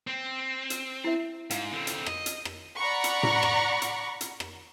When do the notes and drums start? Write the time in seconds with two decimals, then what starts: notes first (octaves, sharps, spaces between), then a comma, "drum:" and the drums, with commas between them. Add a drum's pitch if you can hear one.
0.07 C4
0.70 drum: hi-hat
1.04 E4 E5
1.50 G#2 F5, drum: hi-hat
1.72 D3 C4
1.87 drum: hi-hat
2.06 D#5, drum: rim click
2.26 drum: hi-hat
2.45 drum: rim click
2.78 D5 F#5 A#5 B5 C#6
3.04 drum: hi-hat
3.23 drum: tom A2
3.43 drum: rim click
3.82 drum: hi-hat
4.21 drum: hi-hat
4.40 drum: rim click